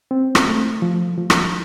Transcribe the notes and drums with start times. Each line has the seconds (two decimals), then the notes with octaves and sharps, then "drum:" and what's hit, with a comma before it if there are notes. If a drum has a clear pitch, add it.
0.11 C4
0.35 drum: rim click
0.47 A3
0.82 F3
1.18 F3
1.30 drum: rim click